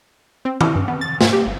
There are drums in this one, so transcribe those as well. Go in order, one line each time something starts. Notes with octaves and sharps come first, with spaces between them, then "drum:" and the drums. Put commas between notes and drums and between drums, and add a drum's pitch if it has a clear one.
C4
E4, drum: tom D#3
G2
B3
A6
G#2, drum: snare
G4
G1